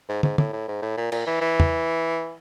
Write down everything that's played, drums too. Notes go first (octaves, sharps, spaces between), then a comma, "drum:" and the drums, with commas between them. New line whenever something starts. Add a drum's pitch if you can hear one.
G#2
G#2, drum: tom
A2, drum: tom
A2
G#2
A2
A#2
A#2, drum: cymbal
E3
E3
drum: tom